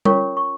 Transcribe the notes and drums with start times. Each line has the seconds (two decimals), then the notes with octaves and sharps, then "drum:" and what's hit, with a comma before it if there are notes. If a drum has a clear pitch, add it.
0.05 C#4 F4 A#4 C#5 C#6, drum: tom
0.37 C#6